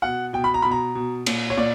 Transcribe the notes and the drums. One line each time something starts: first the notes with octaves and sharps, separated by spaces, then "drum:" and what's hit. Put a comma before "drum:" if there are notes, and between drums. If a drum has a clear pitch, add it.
B2 F#5
B2 G5
B5
A#5
B2 B5
A#5
B2
A#2, drum: cymbal
C#5
A#2 D5